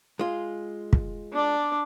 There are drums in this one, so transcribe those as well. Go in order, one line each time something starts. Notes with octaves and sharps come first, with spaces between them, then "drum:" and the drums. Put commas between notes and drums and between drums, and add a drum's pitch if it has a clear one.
G#3 F4
drum: kick
D4 D5